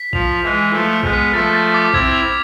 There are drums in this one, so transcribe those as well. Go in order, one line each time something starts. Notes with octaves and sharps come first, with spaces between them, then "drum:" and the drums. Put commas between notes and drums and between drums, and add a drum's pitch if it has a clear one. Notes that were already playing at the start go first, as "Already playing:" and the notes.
Already playing: B6
F3 F7, drum: kick A#1
F7
E3 G#3
D7
F3 A3 F6
F6
G#3 B3, drum: kick A#1
B6
F3 A3 A6
A6
D6
C4 E4 G#6, drum: kick A#1
F7